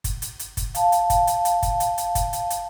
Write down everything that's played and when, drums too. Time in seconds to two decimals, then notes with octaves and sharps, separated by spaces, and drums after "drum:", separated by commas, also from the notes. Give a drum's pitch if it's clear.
0.04 drum: kick, hi-hat
0.22 drum: hi-hat
0.39 drum: hi-hat
0.57 drum: kick, hi-hat
0.75 F5 A5, drum: hi-hat
0.92 drum: hi-hat
1.10 drum: kick, hi-hat
1.27 drum: hi-hat
1.45 drum: hi-hat
1.62 drum: kick, hi-hat
1.80 drum: hi-hat
1.98 drum: hi-hat
2.15 drum: kick, hi-hat
2.33 drum: hi-hat
2.50 drum: hi-hat